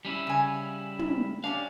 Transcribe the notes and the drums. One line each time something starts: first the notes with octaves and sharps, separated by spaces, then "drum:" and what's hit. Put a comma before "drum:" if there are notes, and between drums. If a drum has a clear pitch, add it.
G3 C#4 E4
C#3 G#5
drum: tom
G3 C#4 D4 F5